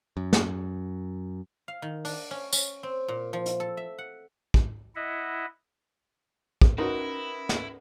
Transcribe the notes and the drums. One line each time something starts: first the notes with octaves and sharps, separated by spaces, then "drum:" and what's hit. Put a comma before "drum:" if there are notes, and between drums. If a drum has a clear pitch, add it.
F#2
drum: snare
F5
D#3
D4, drum: open hi-hat
C#4
C#4, drum: tambourine
C4
A#2
F3
drum: hi-hat
A4
E5
F#5
drum: kick
E4 D#5 E5 F#5
drum: kick
C#4 D#4 E4 F#4 A#4 B4
drum: snare